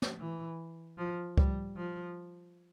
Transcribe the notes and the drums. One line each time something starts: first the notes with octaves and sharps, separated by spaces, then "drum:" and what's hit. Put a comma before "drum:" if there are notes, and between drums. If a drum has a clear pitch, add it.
drum: snare
E3
F3
G3, drum: kick C#2
F3